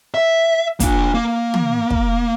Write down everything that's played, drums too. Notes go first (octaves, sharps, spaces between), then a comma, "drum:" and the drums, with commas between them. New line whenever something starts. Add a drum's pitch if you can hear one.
E5
A#3 D4, drum: kick, hi-hat
A#3
drum: tom
drum: kick